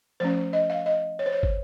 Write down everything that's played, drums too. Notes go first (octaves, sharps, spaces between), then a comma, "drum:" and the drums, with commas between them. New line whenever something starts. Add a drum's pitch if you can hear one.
F3 A3 C#4 C5
D#5
F5
D#5
C#5
C5
C#5
drum: kick